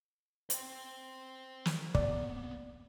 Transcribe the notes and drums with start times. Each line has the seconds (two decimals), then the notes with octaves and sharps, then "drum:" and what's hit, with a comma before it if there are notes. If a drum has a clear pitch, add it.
0.50 C5 G5, drum: hi-hat
1.65 drum: snare
1.95 A#3 B3 D5, drum: kick